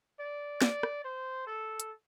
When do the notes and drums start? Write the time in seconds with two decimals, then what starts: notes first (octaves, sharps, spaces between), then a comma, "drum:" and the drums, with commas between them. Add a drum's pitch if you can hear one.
0.19 D5
0.62 D5, drum: snare
0.83 drum: rim click
1.04 C5
1.47 A4
1.80 drum: hi-hat